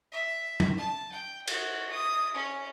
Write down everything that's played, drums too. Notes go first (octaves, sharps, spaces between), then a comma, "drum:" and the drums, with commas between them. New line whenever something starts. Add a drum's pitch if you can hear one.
E5
drum: tom
A5
G5
F#4, drum: cymbal
D#6
C#4